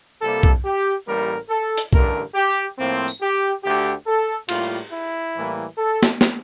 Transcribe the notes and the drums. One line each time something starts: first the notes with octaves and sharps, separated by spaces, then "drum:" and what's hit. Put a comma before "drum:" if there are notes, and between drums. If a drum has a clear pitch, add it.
C2 C3 G3 A#3 A4
drum: kick B1
G4
A1 A2 G3 A#3 A#4
A4
drum: hi-hat
A1 G2 D3 A3 A#4, drum: kick B1
G4
A2 F3 A#3 C4
drum: tambourine
G4
D2 D3 A3 G4
A4
A2 G3 A#3 F4, drum: cymbal
E4
A2 E3 G3 A#3
A4
drum: snare
drum: snare